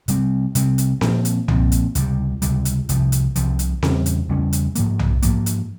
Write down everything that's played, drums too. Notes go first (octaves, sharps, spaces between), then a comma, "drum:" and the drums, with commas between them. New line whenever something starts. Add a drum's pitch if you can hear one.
C3 G3 C4, drum: hi-hat
C3 G3 C4, drum: hi-hat
drum: hi-hat
A#2 F3 C4, drum: snare C4
drum: hi-hat
A#2 F3 C4, drum: tom B1
drum: hi-hat
C#2 C3 G3, drum: hi-hat
C#2 C3 G3, drum: hi-hat
drum: hi-hat
C2 C3 F3, drum: hi-hat
drum: hi-hat
C2 C3 F3, drum: hi-hat
drum: hi-hat
E2 C#3 G3 C#4, drum: snare C4
drum: hi-hat
E2 C#3 G3 C#4
drum: hi-hat
G#2 F3 A#3, drum: hi-hat
drum: tom B1
G#2 F3 A#3, drum: hi-hat
drum: hi-hat